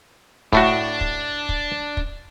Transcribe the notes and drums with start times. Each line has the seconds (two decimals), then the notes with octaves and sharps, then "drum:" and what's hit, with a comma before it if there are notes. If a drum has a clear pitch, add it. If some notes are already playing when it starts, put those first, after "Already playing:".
0.53 A2 A3 D4 F#4, drum: kick
1.01 drum: kick
1.49 drum: kick
1.97 drum: kick